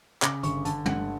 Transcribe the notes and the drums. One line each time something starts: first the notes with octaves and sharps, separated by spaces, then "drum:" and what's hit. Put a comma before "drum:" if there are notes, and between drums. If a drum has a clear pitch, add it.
C#3 D6, drum: clap
G1 C#6, drum: hi-hat
D3 A5, drum: hi-hat
G1 F#5, drum: tom